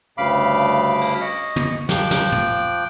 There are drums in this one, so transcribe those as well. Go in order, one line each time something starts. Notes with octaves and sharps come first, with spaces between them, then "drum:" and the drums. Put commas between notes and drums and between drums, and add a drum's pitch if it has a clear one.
D2 G2 C#3 F5 B5 D6
drum: cymbal
D#5 C#6
drum: tom
F3 G5 D6 F#6, drum: snare
drum: snare
drum: tom